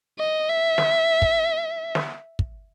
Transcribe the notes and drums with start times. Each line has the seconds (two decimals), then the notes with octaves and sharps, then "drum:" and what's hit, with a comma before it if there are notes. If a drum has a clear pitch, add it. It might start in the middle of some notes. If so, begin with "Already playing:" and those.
0.19 D#5
0.49 E5
0.78 drum: snare
1.22 drum: kick
1.95 drum: snare
2.39 drum: kick